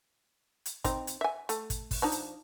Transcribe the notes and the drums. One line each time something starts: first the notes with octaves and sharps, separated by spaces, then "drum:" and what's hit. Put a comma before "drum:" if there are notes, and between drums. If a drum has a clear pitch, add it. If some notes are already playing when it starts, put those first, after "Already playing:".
drum: hi-hat
C4 D#4, drum: kick, hi-hat
drum: hi-hat
E5 G#5
A3, drum: hi-hat
drum: kick, hi-hat
drum: kick, open hi-hat
F3 D4 D#4
drum: hi-hat